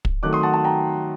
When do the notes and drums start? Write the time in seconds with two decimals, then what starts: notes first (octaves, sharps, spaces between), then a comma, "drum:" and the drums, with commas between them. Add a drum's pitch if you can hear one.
0.05 drum: kick
0.23 D#3 F#3 A3 D6 F#6
0.33 C6 D#6
0.43 F#5 A5
0.54 F#5 A5
0.64 G5 A#5